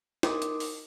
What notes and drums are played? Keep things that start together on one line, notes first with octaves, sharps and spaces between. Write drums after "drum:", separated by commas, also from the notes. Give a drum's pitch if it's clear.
D#4 A#4 D#5 C6 D6 D#6, drum: snare
drum: hi-hat
drum: open hi-hat